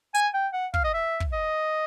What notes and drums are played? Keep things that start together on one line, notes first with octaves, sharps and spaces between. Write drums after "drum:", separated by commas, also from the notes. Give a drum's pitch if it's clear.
G#5, drum: hi-hat
G5
F#5
F5, drum: kick
D#5
E5
drum: kick
D#5